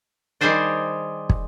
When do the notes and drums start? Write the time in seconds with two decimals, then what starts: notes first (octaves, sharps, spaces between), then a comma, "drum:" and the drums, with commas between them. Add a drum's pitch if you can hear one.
0.41 D#3 G3 G4 G#4 C5 D5
1.29 drum: kick